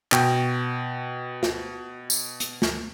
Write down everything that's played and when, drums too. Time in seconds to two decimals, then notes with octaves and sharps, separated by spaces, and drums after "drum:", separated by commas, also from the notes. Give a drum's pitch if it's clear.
0.12 B2 G5, drum: clap
1.43 drum: snare
2.10 drum: tambourine
2.40 drum: hi-hat
2.62 drum: snare